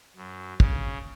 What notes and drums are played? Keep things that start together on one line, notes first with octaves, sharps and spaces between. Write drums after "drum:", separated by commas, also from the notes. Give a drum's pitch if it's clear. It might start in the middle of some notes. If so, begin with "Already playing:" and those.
F#2
C#3, drum: kick